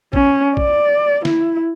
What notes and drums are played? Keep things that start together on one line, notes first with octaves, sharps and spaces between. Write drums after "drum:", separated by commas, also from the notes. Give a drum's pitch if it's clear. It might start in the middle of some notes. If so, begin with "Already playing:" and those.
C#4, drum: kick
D5, drum: kick
E4, drum: snare